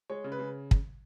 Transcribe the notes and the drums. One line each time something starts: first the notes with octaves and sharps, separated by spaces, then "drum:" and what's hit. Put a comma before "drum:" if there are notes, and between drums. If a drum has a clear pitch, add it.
G#3 C#5
C#3
B4
C#3
drum: kick